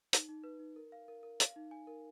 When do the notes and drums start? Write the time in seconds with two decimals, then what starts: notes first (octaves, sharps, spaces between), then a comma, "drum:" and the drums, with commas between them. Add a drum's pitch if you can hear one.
0.13 D#4, drum: hi-hat
0.28 D#4
0.44 B4
0.59 D#4
0.76 A#4
0.92 F5
1.08 A#4
1.23 A#4
1.40 F5, drum: hi-hat
1.56 D#4
1.71 G#5
1.87 A#4